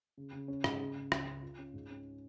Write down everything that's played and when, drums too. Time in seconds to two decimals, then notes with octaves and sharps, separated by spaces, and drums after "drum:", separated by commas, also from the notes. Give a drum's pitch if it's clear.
0.17 C#3
0.33 C#3
0.48 C#4
0.64 G#2, drum: rim click
0.81 C#3
0.96 C#3
1.12 C#2, drum: rim click
1.27 C#4
1.42 F4
1.58 C#4
1.74 G#2
1.90 C#4